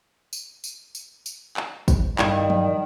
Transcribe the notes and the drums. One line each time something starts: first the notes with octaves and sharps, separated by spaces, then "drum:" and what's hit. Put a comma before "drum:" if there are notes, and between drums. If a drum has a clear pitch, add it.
drum: tambourine
drum: tambourine
drum: tambourine
drum: tambourine
drum: clap
drum: kick, tambourine
G2 D#3, drum: clap
drum: tom F3